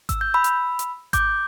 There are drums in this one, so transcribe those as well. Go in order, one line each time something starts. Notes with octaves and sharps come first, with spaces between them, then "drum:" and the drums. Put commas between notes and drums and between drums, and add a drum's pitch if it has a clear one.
E6, drum: kick G#1, hi-hat
G6
B5 E6
drum: hi-hat
drum: hi-hat
D6 G6, drum: kick G#1, hi-hat